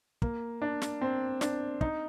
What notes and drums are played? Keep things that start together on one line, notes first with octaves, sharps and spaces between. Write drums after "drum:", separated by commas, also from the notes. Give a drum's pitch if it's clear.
A#3, drum: kick
D4
drum: snare
C4
D4, drum: snare
D#4, drum: kick